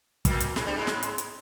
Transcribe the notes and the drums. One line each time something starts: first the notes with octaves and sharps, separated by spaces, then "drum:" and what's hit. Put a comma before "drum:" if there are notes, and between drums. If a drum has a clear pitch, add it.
A#2 A#3, drum: kick, hi-hat
drum: hi-hat
G#2 G#3, drum: snare
G2 G3
G#2 G#3
drum: snare
drum: hi-hat
drum: hi-hat